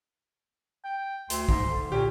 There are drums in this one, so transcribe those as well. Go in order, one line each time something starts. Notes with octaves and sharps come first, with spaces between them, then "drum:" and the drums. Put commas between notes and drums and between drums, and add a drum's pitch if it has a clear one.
G5
D2 C6, drum: hi-hat
G#2, drum: kick B1
D3
A#2 C#4 G4